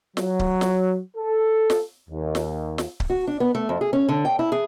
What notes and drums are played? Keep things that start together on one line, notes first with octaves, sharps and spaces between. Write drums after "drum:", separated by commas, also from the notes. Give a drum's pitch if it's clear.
F#3, drum: snare
drum: kick C#1
drum: snare
A4
drum: snare
D#2
drum: snare
drum: snare
drum: kick C#1
F#4
D4
B3
A3
F2
G#4
C#4
D3
G5
E4
G#4